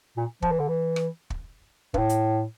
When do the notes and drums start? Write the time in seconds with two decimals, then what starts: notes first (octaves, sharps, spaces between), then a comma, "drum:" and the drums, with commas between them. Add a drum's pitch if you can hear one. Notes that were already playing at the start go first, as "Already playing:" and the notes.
0.17 A#2
0.42 F3, drum: kick
0.51 E3
0.59 D3
0.68 E3
0.96 drum: rim click
1.30 drum: kick
1.94 G2, drum: kick
1.98 A2
2.09 drum: hi-hat